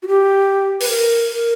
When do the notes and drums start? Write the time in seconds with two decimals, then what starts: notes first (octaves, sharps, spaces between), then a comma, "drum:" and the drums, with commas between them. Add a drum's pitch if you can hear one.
0.03 F#4
0.08 G4
0.80 B4, drum: open hi-hat
0.89 A#4
1.31 A#4